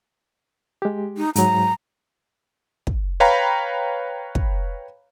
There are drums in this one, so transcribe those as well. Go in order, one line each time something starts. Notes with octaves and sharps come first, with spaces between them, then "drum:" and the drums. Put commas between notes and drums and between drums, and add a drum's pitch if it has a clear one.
G#3 G4
D#4
G#2 F#3 A#5, drum: hi-hat
drum: kick
B4 C#5 F5 G5 A#5 B5
drum: kick